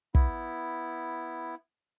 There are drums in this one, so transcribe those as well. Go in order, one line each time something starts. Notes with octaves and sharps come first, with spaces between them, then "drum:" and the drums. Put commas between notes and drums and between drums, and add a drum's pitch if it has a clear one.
B3 E4, drum: kick